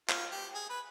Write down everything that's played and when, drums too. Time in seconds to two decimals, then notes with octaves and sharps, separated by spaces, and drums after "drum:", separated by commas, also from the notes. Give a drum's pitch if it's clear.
0.09 F4, drum: clap
0.32 G4
0.55 G#4
0.69 B4